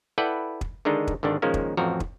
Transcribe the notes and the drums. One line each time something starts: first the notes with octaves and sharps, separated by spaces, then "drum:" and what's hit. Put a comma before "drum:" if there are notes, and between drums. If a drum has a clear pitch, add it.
E4 A4 B4 D5 F#5 G5
drum: kick
D3 D#3 G#3 D4 D#4
drum: kick
G#1 D3 D#3 D4
A#2 D#3 F3 G#3 A#3 C#4
drum: kick
A1 F2 F3 F#4 A#5
drum: kick